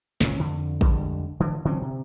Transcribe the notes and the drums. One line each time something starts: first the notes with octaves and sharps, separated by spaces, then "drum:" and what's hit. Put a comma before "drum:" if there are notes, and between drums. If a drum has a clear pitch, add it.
C#2 A#2 C#4, drum: snare
F2 D3
F2 D3 G3 G#3, drum: kick
D3 E3 F3
D3 F#3 C4 C#4
C3